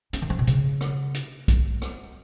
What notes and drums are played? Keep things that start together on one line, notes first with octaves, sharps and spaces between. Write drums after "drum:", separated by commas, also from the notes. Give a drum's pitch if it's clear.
C#4, drum: hi-hat
D#3
F3
B2
C#3, drum: hi-hat
drum: rim click
drum: hi-hat
drum: kick, hi-hat
drum: rim click